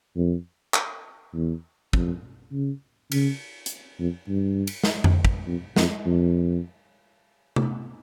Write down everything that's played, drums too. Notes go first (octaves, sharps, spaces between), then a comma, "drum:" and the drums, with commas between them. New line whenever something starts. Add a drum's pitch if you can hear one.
F2
drum: clap
E2
F2, drum: kick
C#3
C#3, drum: cymbal
drum: hi-hat
F2
G2
drum: cymbal
drum: snare
drum: tom F2
drum: kick
F2
F2, drum: snare
F2
drum: tom C3